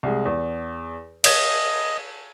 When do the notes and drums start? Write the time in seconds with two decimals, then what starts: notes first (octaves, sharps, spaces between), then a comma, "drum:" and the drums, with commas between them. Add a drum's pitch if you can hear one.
0.03 C2 G#3
0.25 E2
1.24 D#5 G#6 E7, drum: cymbal